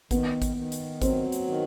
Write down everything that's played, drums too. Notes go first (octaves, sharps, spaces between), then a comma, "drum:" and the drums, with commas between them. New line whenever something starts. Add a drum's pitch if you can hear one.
D#3 B3, drum: kick G#1, hi-hat
drum: kick G#1, hi-hat
D#3
drum: hi-hat
F#3 C4, drum: kick G#1, hi-hat
drum: hi-hat
D#3